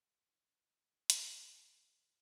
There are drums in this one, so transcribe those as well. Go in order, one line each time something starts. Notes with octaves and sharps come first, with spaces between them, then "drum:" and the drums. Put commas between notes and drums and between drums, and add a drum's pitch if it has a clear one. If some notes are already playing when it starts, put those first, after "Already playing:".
Already playing: G#2 F3 F4
D#4
C#4, drum: hi-hat
G2 D#3